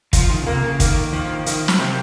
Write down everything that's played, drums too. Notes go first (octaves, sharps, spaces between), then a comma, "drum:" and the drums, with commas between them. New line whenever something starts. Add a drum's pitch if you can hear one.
F3 F4, drum: kick, hi-hat
D#3
C#3
C3 A#3
C#3
D#3 A#3, drum: kick, hi-hat
D#3 F3
D#3 A#3, drum: hi-hat
F#3, drum: snare
C3